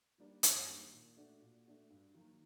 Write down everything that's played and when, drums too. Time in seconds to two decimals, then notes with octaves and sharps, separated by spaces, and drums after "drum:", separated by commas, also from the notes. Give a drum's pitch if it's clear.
0.18 D#3 G3 A#3 D4
0.43 F#2, drum: hi-hat
0.67 D#3 G3 A#3 D4
0.92 A#2
1.17 A3 D4 F#4
1.41 A#2
1.65 A3 D4 F#4
1.90 G2
2.14 D#3 F#3 A#3